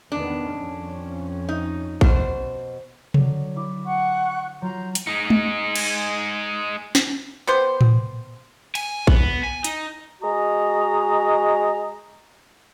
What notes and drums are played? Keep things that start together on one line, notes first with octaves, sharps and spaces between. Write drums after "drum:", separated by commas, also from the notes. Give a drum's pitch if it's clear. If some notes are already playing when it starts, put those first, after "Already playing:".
E2 D#3 B3 D4
F2 C#4
D#4
B2 C5, drum: kick A#1
D3 F#3 C#5, drum: tom C3
E4 B5 D6
F#5 C#6 F#6
F#3 F4 A#5 C6 G6
drum: hi-hat
G#3 D#4
drum: tom
drum: cymbal
drum: snare
B3 G4 C5
drum: tom A2
G#5, drum: cymbal
B3, drum: kick A#1
G#5
D#4, drum: hi-hat
G#3 F#4 D#5 A#5